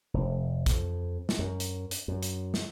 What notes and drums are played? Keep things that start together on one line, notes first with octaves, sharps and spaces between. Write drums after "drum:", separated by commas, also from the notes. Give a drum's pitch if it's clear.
F1
F2, drum: kick, hi-hat
drum: snare
F#2
drum: hi-hat
drum: hi-hat
F#2
drum: hi-hat
drum: snare